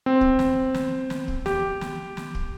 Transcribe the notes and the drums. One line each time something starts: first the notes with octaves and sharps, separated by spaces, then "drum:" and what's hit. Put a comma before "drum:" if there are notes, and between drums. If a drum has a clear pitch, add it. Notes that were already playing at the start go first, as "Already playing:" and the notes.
C4
drum: kick
drum: snare
drum: snare
drum: snare
drum: kick
G4, drum: snare
drum: snare
drum: snare
drum: kick